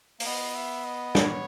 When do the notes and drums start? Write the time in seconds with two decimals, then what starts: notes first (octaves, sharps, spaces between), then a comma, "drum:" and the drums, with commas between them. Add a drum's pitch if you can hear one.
0.20 A#3, drum: open hi-hat
0.25 B3 D#5
0.55 E5
0.85 D#5
1.15 C#5, drum: snare